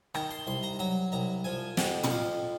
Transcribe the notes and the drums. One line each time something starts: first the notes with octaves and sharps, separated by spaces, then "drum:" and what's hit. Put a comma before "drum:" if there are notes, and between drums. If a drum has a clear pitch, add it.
D#3 A#5, drum: rim click
C6
C2 C6
A#5
F#3 A#5
C2 A#5
F3 G#5
F2 F#5, drum: snare
F#5, drum: tom
F2 F5